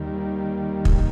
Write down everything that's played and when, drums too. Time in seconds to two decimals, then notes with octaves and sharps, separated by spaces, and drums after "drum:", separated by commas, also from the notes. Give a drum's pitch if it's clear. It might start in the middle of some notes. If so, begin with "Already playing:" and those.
Already playing: D#2 D#3 G3
0.85 drum: kick